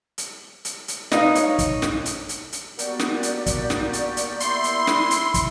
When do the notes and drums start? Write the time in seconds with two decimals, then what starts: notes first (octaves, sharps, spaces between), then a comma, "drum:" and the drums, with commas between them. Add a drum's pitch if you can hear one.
0.18 drum: hi-hat
0.65 drum: hi-hat
0.88 drum: hi-hat
1.12 D#4 B4 D#5 F5, drum: snare
1.35 C#5, drum: hi-hat
1.59 drum: kick, hi-hat
1.82 drum: snare
2.06 drum: hi-hat
2.29 drum: hi-hat
2.52 drum: hi-hat
2.79 A#3 B3 F#4 G4 D5, drum: hi-hat
2.99 drum: snare
3.23 drum: hi-hat
3.46 drum: kick, hi-hat
3.70 drum: snare
3.93 drum: hi-hat
4.17 drum: hi-hat
4.40 E4 C6, drum: hi-hat
4.64 drum: hi-hat
4.87 drum: snare
5.11 drum: hi-hat
5.34 drum: kick, hi-hat